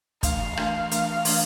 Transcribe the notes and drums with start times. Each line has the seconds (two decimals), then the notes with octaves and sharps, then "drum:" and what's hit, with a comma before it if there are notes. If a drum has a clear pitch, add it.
0.23 E3 A3 D4 F5, drum: kick, hi-hat
0.57 E3 A3 D4 F5, drum: rim click
0.91 E3 A3 D4, drum: hi-hat
1.25 E3 A3 D4, drum: open hi-hat